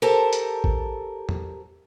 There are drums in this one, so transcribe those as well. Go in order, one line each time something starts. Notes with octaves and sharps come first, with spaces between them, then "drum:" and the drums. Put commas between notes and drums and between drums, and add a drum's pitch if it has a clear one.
G4 A4 A#4 C5 A5
drum: hi-hat
drum: kick A1
drum: tom E2